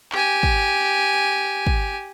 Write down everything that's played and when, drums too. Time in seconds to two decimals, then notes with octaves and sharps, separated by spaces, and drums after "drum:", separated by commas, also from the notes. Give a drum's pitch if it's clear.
0.12 G4 G#5, drum: clap
0.43 drum: kick
1.67 drum: kick